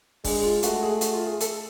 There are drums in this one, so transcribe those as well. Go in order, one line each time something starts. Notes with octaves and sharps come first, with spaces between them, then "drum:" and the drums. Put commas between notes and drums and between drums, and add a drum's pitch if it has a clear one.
G#3 D4, drum: kick, open hi-hat
F4
A3 F#4, drum: hi-hat
G#4
F#4, drum: hi-hat
F4
G#4
A4, drum: hi-hat